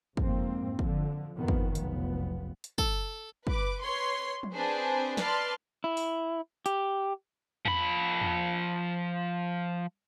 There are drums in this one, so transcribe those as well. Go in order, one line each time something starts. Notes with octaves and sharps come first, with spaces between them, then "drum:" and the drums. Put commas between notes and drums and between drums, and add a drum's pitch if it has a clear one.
F2 G#2 A#3 C4, drum: kick
D3 F3, drum: kick
F2 A#2 D#3 F3 B3
drum: kick
F1 B1 F3 B3, drum: hi-hat
drum: hi-hat
A4, drum: kick
B4 D6, drum: kick
B4 C#5 C6
drum: tom F3
C4 D4 G#4 B4 C5
B4 D5 A5 C6 F6, drum: snare
E4
drum: open hi-hat
G4, drum: hi-hat
F3 B5, drum: tom E2
drum: tom E2